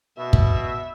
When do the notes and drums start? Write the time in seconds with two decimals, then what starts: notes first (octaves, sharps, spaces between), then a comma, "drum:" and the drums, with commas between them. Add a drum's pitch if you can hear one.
0.18 B2 E5
0.33 drum: kick